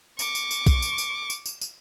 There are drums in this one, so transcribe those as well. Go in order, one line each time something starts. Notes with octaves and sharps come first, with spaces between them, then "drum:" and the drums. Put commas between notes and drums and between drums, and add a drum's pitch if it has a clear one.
C#6 D6, drum: tambourine
drum: tambourine
drum: tambourine
drum: kick, tambourine
drum: tambourine
drum: tambourine
drum: tambourine
drum: tambourine
drum: tambourine